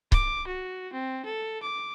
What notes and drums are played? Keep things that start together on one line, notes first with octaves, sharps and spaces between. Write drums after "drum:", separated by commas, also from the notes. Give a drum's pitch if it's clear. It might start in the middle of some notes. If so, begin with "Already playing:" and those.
D6, drum: kick C#1
F#4
C4
A4
D6